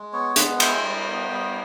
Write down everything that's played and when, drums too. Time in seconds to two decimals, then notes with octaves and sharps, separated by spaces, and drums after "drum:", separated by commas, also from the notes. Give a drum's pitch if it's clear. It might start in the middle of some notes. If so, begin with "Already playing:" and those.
Already playing: G#3
0.13 B3 C#5
0.36 G#3 F#5, drum: hi-hat
0.60 E4 G5, drum: cymbal
0.83 G3
1.07 B3
1.31 G3